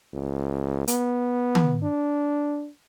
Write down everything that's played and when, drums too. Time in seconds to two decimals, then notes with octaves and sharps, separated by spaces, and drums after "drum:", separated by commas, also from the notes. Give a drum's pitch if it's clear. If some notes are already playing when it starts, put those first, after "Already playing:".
0.13 C#2
0.88 B3, drum: hi-hat
1.55 drum: tom D#3
1.83 D4